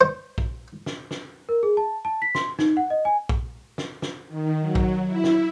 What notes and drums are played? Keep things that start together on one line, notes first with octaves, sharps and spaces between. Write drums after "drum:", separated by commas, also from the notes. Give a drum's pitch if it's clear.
C5
drum: kick
drum: snare
drum: snare
A#4
G#4
A5
A5
B6
C6, drum: snare
D#4, drum: snare
F#5
D#5
G#5
drum: kick
drum: snare
drum: snare
D#3
F#3
drum: kick
E4
drum: snare